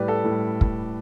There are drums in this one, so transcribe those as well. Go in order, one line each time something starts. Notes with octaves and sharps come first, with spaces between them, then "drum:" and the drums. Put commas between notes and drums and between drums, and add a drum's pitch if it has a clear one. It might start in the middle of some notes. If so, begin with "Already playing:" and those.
Already playing: A2 G3 G4 B4 D5
A4
A2 G3
drum: kick